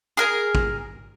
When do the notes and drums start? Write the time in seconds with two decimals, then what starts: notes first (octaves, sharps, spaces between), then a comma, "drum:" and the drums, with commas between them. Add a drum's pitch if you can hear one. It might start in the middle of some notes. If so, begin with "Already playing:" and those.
0.17 G#4 A#4
0.55 drum: kick